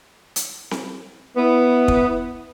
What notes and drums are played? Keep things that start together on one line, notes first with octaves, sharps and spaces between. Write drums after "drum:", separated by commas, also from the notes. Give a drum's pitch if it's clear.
drum: hi-hat
drum: snare C4
B3 E4
drum: kick